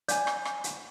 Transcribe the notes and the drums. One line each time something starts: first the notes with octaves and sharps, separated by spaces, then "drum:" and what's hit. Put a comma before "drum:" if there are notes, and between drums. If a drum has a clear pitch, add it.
C#5 D5 F5 G#5 G6, drum: hi-hat
drum: rim click
drum: rim click
drum: hi-hat